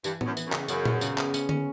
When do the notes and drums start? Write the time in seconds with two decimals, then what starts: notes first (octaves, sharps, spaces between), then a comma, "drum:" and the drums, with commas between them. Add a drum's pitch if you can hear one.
0.04 G2 E3, drum: tambourine
0.21 F#2 B3, drum: tom
0.37 E3, drum: tambourine
0.47 F#2
0.52 C#3, drum: clap
0.68 F#2 C#3, drum: tambourine
0.85 B3, drum: tom A#2
1.01 C#3, drum: tambourine
1.18 B3, drum: clap
1.34 C#4, drum: tambourine
1.49 C#4, drum: tom D3